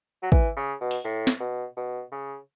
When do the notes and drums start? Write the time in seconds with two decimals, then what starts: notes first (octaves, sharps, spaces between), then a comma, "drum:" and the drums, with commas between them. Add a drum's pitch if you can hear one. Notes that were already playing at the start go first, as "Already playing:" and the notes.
0.23 F#3
0.32 E3, drum: kick
0.57 C#3
0.81 B2
0.91 drum: open hi-hat
1.05 A2
1.27 drum: snare
1.40 B2
1.77 B2
2.12 C#3